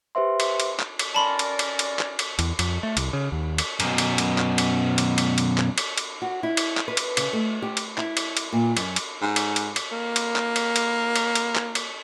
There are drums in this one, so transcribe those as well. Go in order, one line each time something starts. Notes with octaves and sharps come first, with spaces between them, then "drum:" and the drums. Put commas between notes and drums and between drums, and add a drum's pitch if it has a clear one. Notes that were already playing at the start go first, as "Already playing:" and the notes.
G4 B4 C5 E5 C6
drum: cymbal
drum: cymbal
drum: clap
drum: cymbal
C#4 A#4 D5 A5 B5 C6
drum: cymbal
drum: cymbal
drum: cymbal
drum: clap
drum: cymbal
E2, drum: cymbal
F2, drum: cymbal
A3
C2, drum: cymbal
C#3
D#2
drum: cymbal
F#2 B2, drum: cymbal
drum: cymbal
drum: cymbal
drum: clap
drum: cymbal
drum: cymbal
drum: cymbal
drum: cymbal
drum: clap
drum: cymbal
drum: cymbal
F#4
E4
drum: cymbal
drum: clap
B4
drum: cymbal
C#3, drum: cymbal
A3
G4
drum: cymbal
E4, drum: clap
drum: cymbal
drum: cymbal
A#2
F#2, drum: cymbal
drum: cymbal
G#2
drum: cymbal
drum: cymbal
drum: cymbal
A#3
drum: cymbal
drum: clap
drum: cymbal
drum: cymbal
drum: cymbal
drum: cymbal
drum: clap
drum: cymbal